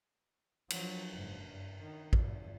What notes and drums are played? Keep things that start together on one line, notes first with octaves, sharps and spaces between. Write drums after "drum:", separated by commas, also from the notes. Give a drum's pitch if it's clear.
F3 F#3, drum: cymbal
F#1 G#2
G2
D#3
G1 E2, drum: kick A1